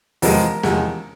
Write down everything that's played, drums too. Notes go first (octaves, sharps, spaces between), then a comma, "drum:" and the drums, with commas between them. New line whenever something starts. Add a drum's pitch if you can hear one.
E2 C3 F3 G#3 A#4, drum: open hi-hat
E2 C3 F3 G#3, drum: snare